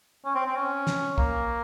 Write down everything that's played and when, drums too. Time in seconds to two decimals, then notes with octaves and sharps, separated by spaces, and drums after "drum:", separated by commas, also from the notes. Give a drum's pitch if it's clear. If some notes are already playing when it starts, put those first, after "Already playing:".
0.25 C#4
0.35 C4
0.46 C4
0.56 C#4
0.87 drum: snare
1.18 A#3, drum: kick